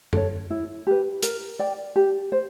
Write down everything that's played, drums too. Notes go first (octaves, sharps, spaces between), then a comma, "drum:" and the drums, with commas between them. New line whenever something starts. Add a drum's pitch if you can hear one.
A4 C#5, drum: tom F#2
E4
G4 B4
A#4, drum: hi-hat
D5 G5
G4
C5